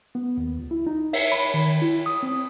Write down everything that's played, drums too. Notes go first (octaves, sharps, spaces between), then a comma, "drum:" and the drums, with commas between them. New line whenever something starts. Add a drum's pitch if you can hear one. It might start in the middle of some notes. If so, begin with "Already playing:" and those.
B3
D#2
C#2
E4
D#4
E5, drum: cymbal
B5
D#3
E4
D#6
C4